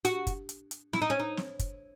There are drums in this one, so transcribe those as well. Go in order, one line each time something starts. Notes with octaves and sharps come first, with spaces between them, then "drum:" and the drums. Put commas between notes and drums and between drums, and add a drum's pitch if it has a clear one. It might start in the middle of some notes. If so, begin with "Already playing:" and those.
F#4, drum: hi-hat
drum: kick, hi-hat
drum: hi-hat
drum: hi-hat
E4, drum: snare
D#4
C#4
D#4
drum: snare
drum: kick, hi-hat